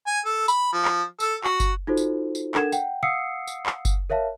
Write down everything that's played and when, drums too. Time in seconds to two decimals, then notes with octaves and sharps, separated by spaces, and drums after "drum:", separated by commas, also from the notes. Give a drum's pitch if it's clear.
0.07 G#5
0.25 A4
0.48 B5, drum: tambourine
0.73 F3
0.85 drum: clap
1.20 A4, drum: tambourine
1.44 F#4, drum: clap
1.60 drum: kick F#1, tambourine
1.87 D#4 F4 F#4 A4 C5
1.97 drum: tambourine
2.35 drum: tambourine
2.55 D4 A4 A#4 F#5 G#6 E7, drum: clap
2.72 F#5 G5, drum: tambourine
3.03 F5 F#5 D#6 E6 C7 C#7
3.47 drum: tambourine
3.66 drum: clap
3.85 drum: kick F#1, tambourine
4.10 A#4 C#5 E5 F5 A5